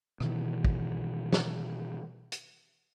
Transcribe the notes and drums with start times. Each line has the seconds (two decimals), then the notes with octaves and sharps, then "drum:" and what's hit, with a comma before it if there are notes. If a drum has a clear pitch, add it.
0.20 B2 D#3 E3, drum: rim click
0.64 drum: kick
1.33 drum: snare
2.32 drum: hi-hat